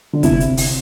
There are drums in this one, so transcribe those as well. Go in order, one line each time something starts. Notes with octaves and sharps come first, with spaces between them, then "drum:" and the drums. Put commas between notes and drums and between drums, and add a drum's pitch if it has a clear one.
D3
C3 E4, drum: kick, hi-hat
drum: hi-hat
drum: open hi-hat